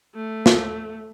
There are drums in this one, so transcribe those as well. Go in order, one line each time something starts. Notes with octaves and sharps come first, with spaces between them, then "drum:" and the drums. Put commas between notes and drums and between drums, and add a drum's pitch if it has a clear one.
A3
drum: snare